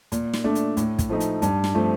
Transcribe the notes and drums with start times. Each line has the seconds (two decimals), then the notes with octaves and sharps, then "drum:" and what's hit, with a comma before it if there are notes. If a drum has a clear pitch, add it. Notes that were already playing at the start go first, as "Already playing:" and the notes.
0.12 A#2, drum: hi-hat
0.33 drum: snare
0.44 A3 D4
0.55 drum: hi-hat
0.77 A2, drum: hi-hat
0.99 drum: kick, hi-hat
1.09 F3 A3 D#4
1.20 drum: hi-hat
1.42 G2, drum: hi-hat
1.64 drum: snare
1.74 F3 A3 C4